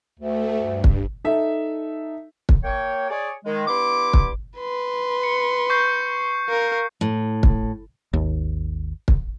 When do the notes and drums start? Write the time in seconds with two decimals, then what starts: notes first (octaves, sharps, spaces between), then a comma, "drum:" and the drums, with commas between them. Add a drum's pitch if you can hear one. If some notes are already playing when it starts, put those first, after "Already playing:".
0.20 D2 A3
0.59 G2
0.84 drum: kick
1.24 D#4 A4 E5
2.49 drum: kick
2.64 A#3 C#5 G5
3.10 G#4 C#5 D5
3.45 D#3 G#3
3.67 G2 B3 E4 C6 D6
4.14 drum: kick
4.58 B4 C6
5.23 C#7
5.70 C#6 G6 C7
6.49 A#4 F5
7.01 A2
7.43 drum: kick
8.13 G#1 D#2
9.08 drum: kick